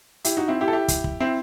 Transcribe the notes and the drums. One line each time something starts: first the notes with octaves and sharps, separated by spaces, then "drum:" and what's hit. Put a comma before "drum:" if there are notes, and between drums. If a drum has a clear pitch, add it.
E4 G4, drum: hi-hat
D#4 F#4
C4 E4
E4 G4
A4
E4 G4
drum: kick, hi-hat
drum: kick
C4 E4